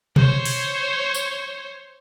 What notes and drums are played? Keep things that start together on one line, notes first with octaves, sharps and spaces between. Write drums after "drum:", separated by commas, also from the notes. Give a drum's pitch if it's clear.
C5 C#5, drum: tom B2
drum: open hi-hat
drum: tambourine